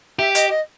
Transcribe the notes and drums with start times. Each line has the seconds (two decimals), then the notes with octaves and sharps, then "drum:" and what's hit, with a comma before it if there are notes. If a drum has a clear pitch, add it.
0.19 G4 E5
0.35 D#5, drum: hi-hat
0.50 D#5